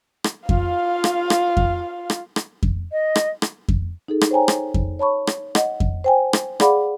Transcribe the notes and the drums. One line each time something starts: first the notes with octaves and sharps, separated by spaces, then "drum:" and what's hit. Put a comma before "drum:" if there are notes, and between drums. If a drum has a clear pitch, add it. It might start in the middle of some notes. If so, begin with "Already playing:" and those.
drum: rim click
F4 F5, drum: kick F2
drum: rim click
drum: rim click
drum: kick F2
drum: rim click
drum: rim click
drum: kick F2
D#5
drum: rim click
drum: rim click
drum: kick F2
D#4 G#4 A4
drum: rim click
C5 C#5 G5 G#5 A#5
drum: rim click
drum: kick F2
C#5 A5 B5 C#6
drum: rim click
D#5 F#5, drum: rim click
drum: kick F2
C5 G5 G#5
drum: rim click
G#4 D5 F5 F#5 B5 D6, drum: rim click